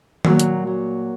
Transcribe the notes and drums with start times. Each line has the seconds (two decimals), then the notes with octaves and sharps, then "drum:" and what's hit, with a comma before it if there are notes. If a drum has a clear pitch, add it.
0.25 A#2 F#3 A#3, drum: tom D#3
0.40 drum: hi-hat
0.67 F#3